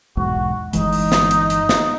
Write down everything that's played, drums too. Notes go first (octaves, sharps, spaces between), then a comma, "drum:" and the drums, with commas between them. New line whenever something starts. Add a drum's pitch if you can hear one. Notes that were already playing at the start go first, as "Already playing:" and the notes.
B1 E2 G#2 F#4
G1 E3 G#3 D#4, drum: hi-hat
drum: open hi-hat
drum: snare
drum: hi-hat
drum: hi-hat
drum: snare